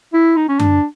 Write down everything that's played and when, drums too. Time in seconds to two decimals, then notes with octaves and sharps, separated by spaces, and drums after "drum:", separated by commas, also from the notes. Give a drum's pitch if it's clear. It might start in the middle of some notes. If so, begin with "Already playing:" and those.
0.13 E4
0.37 D#4
0.49 C#4
0.60 D4, drum: tom F#2